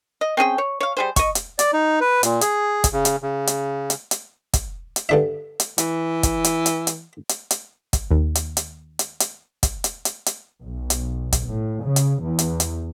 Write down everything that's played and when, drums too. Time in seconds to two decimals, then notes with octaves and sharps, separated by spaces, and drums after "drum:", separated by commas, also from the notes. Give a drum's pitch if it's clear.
0.21 D#5
0.37 C4 C#4 G#4 G5
0.58 C#5
0.81 C#5 F5
0.97 G3 G#4 C5
1.16 D#5 C#6, drum: kick, hi-hat
1.35 drum: hi-hat
1.59 D5, drum: hi-hat
1.73 D#4
2.01 B4
2.23 A#2, drum: hi-hat
2.41 G#4, drum: hi-hat
2.84 drum: kick, hi-hat
2.93 C#3
3.05 drum: hi-hat
3.23 C#3
3.47 drum: hi-hat
3.90 drum: hi-hat
4.11 drum: hi-hat
4.53 drum: kick, hi-hat
4.96 drum: hi-hat
5.09 G2 D3 E5
5.60 drum: hi-hat
5.78 E3, drum: hi-hat
6.23 drum: kick, hi-hat
6.44 drum: hi-hat
6.66 drum: hi-hat
6.87 drum: hi-hat
7.29 drum: hi-hat
7.51 drum: hi-hat
7.93 drum: kick, hi-hat
8.11 D#2
8.35 drum: hi-hat
8.57 drum: hi-hat
8.99 drum: hi-hat
9.20 drum: hi-hat
9.63 drum: kick, hi-hat
9.84 drum: hi-hat
10.05 drum: hi-hat
10.26 drum: hi-hat
10.61 B1
10.90 drum: hi-hat
11.32 drum: kick, hi-hat
11.46 A2
11.82 C#3
11.96 drum: hi-hat
12.21 E2
12.39 drum: hi-hat
12.60 drum: hi-hat